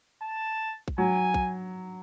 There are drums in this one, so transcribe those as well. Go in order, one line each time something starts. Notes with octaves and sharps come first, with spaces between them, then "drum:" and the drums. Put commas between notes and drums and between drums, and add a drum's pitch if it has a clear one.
A5
drum: kick
F#3 G#5
drum: kick